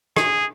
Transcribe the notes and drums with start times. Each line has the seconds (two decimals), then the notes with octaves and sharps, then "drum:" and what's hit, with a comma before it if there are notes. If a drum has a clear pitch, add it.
0.17 G#4, drum: rim click